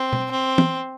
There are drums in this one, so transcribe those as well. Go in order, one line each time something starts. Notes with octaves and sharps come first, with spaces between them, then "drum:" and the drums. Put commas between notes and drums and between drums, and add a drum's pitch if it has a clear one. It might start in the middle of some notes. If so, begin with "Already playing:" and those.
Already playing: C4
drum: tom B2
C4
drum: tom